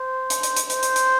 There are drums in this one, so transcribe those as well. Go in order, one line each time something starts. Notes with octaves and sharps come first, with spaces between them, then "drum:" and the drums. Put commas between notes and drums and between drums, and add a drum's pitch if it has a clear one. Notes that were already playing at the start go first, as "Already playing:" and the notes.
Already playing: C5
drum: hi-hat
drum: hi-hat
drum: hi-hat
C5, drum: hi-hat
drum: hi-hat
drum: hi-hat